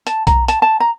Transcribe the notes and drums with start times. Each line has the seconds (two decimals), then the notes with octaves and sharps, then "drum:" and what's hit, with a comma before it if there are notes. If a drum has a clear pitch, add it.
0.07 A5, drum: hi-hat
0.27 A#5, drum: kick B1, hi-hat
0.48 A5, drum: hi-hat
0.62 A5
0.80 A#5